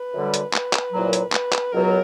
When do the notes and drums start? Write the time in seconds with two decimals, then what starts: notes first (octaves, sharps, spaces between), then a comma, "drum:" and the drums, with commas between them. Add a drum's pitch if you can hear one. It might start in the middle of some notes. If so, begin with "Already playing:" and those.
Already playing: B4
0.14 F#2 D3 G3
0.34 drum: hi-hat
0.53 B4, drum: clap
0.73 drum: clap
0.93 C2 A#2 F#3
1.13 drum: hi-hat
1.32 B4, drum: clap
1.53 drum: clap
1.73 C#2 B2 F#3 A#4